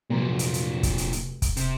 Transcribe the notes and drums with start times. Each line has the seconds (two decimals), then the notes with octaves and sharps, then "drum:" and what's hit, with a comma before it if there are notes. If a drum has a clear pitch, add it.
0.10 F1 F2 A#2 F#3 A#5
0.39 drum: hi-hat
0.54 drum: hi-hat
0.83 drum: kick, hi-hat
0.98 drum: hi-hat
1.13 drum: hi-hat
1.42 drum: kick, hi-hat
1.57 C3, drum: hi-hat